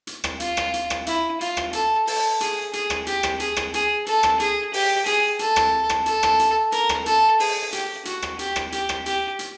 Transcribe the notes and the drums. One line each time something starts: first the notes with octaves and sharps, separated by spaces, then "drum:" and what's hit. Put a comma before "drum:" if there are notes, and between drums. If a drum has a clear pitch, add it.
drum: hi-hat
drum: rim click
F4, drum: hi-hat
drum: rim click
drum: hi-hat
drum: rim click
E4, drum: hi-hat
F4, drum: hi-hat
drum: rim click
A4, drum: hi-hat
A4, drum: open hi-hat
G#4, drum: hi-hat
G#4, drum: hi-hat
drum: rim click
G4, drum: hi-hat
drum: rim click
G#4, drum: hi-hat
drum: rim click
G#4, drum: hi-hat
A4, drum: hi-hat
drum: rim click
G#4, drum: hi-hat
G4, drum: open hi-hat
G#4, drum: hi-hat
A4, drum: hi-hat
drum: rim click
drum: rim click
A4, drum: hi-hat
drum: rim click
drum: hi-hat
A#4, drum: hi-hat
drum: rim click
A4, drum: hi-hat
G#4, drum: open hi-hat
G4, drum: hi-hat
F#4, drum: hi-hat
drum: rim click
G4, drum: hi-hat
drum: rim click
G4, drum: hi-hat
drum: rim click
G4, drum: hi-hat
drum: hi-hat